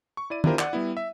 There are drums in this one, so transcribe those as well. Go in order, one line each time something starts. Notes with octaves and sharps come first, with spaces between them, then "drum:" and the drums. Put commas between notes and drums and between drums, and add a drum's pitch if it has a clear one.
C#6
E4 D5 D#7
D4 E4 F4 G4 A#4 C5, drum: tom D#3
D5 F#5, drum: clap
G3 B3 E4
E5